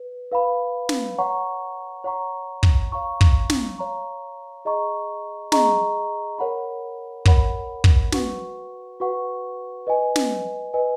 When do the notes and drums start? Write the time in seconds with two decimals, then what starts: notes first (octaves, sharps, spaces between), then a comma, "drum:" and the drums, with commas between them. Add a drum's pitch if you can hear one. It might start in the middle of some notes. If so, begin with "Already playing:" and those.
Already playing: B4
0.32 B4 F5 B5
0.89 drum: snare
1.18 C#5 F#5 A#5 C#6
2.04 C#5 F#5 A#5 C#6
2.63 drum: kick
2.92 C#5 F5 A#5 C#6
3.21 drum: kick
3.50 drum: snare
3.78 C#5 F5 A#5 C#6
4.65 G#4 D#5 A#5 C#6
5.52 G#4 D#5 A#5 C#6, drum: snare
6.39 A#4 C#5 F#5 B5
7.25 A#4 C#5 F#5 B5, drum: kick
7.84 drum: kick
8.12 F#4 B4 F#5 C#6, drum: snare
9.00 F#4 B4 F#5 C#6
9.87 B4 D#5 G#5
10.16 drum: snare
10.74 B4 D#5 G#5